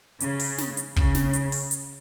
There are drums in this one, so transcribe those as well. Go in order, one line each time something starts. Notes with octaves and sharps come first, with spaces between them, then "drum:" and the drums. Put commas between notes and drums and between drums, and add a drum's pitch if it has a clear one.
C#3, drum: hi-hat
drum: open hi-hat
drum: snare
drum: hi-hat
C#3, drum: kick
drum: snare
drum: hi-hat
drum: open hi-hat
drum: hi-hat